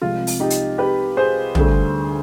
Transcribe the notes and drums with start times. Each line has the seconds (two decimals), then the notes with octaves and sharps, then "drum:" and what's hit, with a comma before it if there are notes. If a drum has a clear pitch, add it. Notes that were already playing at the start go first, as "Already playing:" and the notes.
0.02 C2 C3 F3 G#3 F4
0.27 drum: open hi-hat
0.40 D#4 G4
0.50 drum: hi-hat
0.78 G4 B4
1.17 G#4 C5
1.55 D2 D3 G3, drum: tom